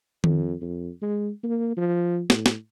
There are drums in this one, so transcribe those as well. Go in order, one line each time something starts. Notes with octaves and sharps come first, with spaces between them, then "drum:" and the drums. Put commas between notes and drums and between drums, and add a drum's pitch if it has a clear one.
F2, drum: tom D#3
F2
G#3
A#3
F3
A2, drum: snare
drum: snare